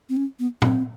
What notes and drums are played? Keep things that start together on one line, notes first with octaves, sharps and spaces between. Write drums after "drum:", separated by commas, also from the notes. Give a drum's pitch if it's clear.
C4
C#4
B3
C4, drum: tom